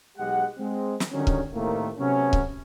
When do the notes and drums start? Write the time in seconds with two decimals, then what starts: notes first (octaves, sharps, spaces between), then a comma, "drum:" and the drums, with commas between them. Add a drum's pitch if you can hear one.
0.17 B1 G#3 G4 F#5
0.58 G#3 C4
1.00 drum: snare
1.12 D3 D#3 F#3 G3 C#4
1.27 drum: kick C#1
1.53 A2 C3 D#3 A3 A#3
1.98 C3 F#3 A3 B3 C#4
2.33 drum: kick C#1